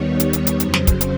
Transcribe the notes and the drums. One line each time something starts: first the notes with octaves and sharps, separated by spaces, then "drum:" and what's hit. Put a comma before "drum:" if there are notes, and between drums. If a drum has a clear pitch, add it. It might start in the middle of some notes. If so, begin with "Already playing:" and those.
Already playing: D#2 D#3 G3 B3 C#5
drum: hi-hat
drum: hi-hat
drum: hi-hat
F2 C#3 F#3 C5, drum: hi-hat
drum: snare
drum: kick, hi-hat
drum: hi-hat